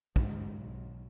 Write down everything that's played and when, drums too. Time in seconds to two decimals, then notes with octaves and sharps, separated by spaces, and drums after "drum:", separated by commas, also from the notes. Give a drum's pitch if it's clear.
0.16 D2 G#2, drum: kick
0.52 B1